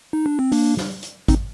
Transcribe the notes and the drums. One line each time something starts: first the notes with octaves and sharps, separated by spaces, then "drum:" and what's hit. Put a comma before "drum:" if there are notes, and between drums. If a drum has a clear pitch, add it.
D#4
D4
C4
A#3 D4, drum: open hi-hat
drum: snare
drum: hi-hat
C4 D#4, drum: kick G#1, hi-hat